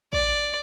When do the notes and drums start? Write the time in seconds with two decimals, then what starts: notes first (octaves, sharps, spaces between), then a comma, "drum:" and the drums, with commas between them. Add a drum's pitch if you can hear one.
0.13 D5, drum: kick